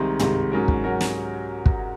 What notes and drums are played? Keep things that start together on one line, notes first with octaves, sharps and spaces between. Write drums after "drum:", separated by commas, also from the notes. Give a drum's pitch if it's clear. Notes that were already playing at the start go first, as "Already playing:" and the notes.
Already playing: C2 C3 D#3 G#3
C2 C3 D#3 G#3, drum: tom
G#2 F#3 C#4 F#4 A#4
drum: kick
G#2 F#3 C#4 F#4 A#4
drum: snare
drum: kick